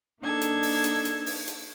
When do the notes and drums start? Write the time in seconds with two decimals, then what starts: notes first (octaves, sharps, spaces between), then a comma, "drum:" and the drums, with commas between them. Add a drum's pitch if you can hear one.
0.20 A#3 D4 D#4 A4 G#6
0.41 drum: hi-hat
0.63 drum: open hi-hat
0.84 drum: hi-hat
1.05 drum: hi-hat
1.26 drum: open hi-hat
1.48 drum: hi-hat